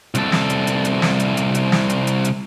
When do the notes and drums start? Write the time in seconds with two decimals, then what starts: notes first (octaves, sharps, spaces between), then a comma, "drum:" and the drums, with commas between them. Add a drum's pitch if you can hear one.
0.15 C2 A4, drum: hi-hat
0.32 drum: snare
0.50 drum: hi-hat
0.67 drum: hi-hat
0.85 drum: hi-hat
1.02 drum: snare
1.20 drum: hi-hat
1.37 drum: hi-hat
1.55 drum: hi-hat
1.72 drum: snare
1.90 drum: hi-hat
2.07 drum: hi-hat
2.25 drum: hi-hat